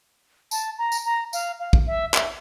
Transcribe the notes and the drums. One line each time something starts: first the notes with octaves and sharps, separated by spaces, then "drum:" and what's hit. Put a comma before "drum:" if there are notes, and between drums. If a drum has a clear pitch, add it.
A5, drum: tambourine
A#5
drum: tambourine
A#5
F5, drum: tambourine
F5
drum: kick
E5
E5, drum: clap